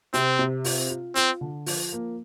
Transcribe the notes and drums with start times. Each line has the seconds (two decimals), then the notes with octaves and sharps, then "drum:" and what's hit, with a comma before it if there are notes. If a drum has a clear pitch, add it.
0.13 C3 C4, drum: hi-hat
0.39 C3
0.64 F4, drum: open hi-hat
0.90 F4
1.15 C4 F4, drum: hi-hat
1.41 D3
1.66 F3, drum: open hi-hat
1.93 A#3